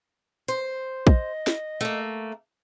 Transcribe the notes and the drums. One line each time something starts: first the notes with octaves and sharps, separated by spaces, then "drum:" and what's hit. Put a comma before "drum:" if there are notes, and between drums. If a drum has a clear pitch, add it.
C5, drum: hi-hat
D#5, drum: kick
drum: snare
A3 A#3